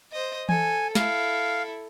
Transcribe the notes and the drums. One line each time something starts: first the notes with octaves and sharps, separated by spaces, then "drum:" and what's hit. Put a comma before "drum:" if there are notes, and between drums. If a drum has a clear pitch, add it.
C5 D#5
A4 G#5, drum: tom E3
E4 A4 F5, drum: snare